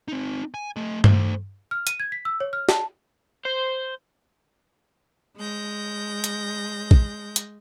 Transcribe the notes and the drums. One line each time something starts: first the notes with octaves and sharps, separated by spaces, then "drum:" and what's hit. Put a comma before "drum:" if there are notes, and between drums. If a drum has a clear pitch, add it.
C4 D#4
G#5
A3 D#5
A3 C5, drum: tom G2
F6
D#7, drum: hi-hat
G#6
B6
E6
C#5
F6
A5, drum: snare
C5
G#3 G6 A#6
drum: hi-hat
drum: kick
drum: hi-hat